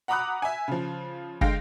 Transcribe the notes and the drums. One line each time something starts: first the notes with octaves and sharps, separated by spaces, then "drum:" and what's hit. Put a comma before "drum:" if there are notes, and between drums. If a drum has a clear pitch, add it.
F#5 A#5 B5 D6 D#6 F#6
E5 G#5
C#3 F3
D3 G#3 F5 G5 A#6, drum: kick